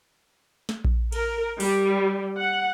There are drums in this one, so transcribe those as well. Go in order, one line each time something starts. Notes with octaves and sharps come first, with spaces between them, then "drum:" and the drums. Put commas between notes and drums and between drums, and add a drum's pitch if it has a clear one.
drum: snare
drum: kick A#1
A#4, drum: cymbal
G3, drum: open hi-hat
F#5